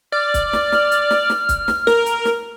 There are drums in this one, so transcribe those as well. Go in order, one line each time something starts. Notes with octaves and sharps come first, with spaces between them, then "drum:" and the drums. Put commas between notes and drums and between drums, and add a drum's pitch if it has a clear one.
D5 F6
drum: kick, hi-hat
drum: snare
drum: snare
drum: hi-hat
drum: snare
drum: snare
drum: kick, hi-hat
drum: snare
A#4, drum: snare
drum: hi-hat
drum: snare